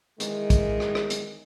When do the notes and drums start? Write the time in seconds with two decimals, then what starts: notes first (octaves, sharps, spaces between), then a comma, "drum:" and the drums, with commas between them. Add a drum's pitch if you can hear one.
0.20 D#3 E3 G#3, drum: hi-hat
0.50 drum: kick, hi-hat
0.80 drum: rim click
0.95 drum: rim click
1.10 drum: hi-hat